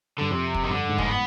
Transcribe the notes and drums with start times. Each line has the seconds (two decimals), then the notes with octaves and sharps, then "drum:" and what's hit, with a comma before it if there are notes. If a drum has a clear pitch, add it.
0.18 G2 D3
0.31 F2 C3
0.54 drum: kick
0.64 D#3
0.69 G2 D3
0.90 G#2
0.98 G#3, drum: kick
1.08 B3